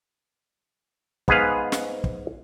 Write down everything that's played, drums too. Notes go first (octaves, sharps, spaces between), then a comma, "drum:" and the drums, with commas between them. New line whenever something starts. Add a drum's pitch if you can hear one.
G#2 B3 G#4 B4 F5, drum: kick
drum: snare
drum: kick